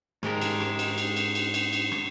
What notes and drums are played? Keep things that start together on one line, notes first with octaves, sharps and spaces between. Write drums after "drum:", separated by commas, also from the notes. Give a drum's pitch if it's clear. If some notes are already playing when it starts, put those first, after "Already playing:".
G#2 G#3 G4 A#4, drum: rim click
drum: cymbal
drum: rim click
drum: cymbal
drum: cymbal
drum: cymbal
drum: cymbal
drum: cymbal
drum: cymbal
drum: rim click